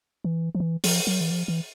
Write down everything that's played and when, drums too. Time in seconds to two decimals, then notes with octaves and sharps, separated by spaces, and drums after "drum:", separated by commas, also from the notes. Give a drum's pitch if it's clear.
0.24 E3
0.55 F3
0.60 E3
0.84 F3, drum: open hi-hat
1.07 F#3
1.21 E3
1.31 F3
1.48 E3